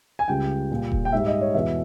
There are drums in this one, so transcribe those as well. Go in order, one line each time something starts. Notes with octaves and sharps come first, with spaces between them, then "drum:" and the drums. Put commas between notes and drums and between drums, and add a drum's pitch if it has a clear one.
G#5
C#2 C#3 G3 G5
A#2 G3
drum: kick E1
G5
G#2 G3 E5
D#5
C#5
E2 B2 G#3 E5